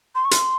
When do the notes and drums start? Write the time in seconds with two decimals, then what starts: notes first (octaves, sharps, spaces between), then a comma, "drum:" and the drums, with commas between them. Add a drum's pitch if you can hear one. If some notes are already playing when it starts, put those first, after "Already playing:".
0.15 C6
0.25 C#6
0.31 C6, drum: hi-hat